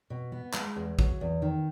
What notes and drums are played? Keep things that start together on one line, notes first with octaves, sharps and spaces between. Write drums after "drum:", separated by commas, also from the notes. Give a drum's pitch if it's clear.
B2
B3
G#3, drum: clap
E2
F#3, drum: kick A#1
E2
D#3